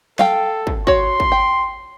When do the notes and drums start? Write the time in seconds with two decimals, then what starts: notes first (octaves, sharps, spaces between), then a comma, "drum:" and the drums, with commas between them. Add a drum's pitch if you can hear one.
0.19 A4 F5 G5, drum: snare
0.67 drum: kick
0.87 F#4 C#5 C6, drum: kick
1.20 drum: kick
1.32 G5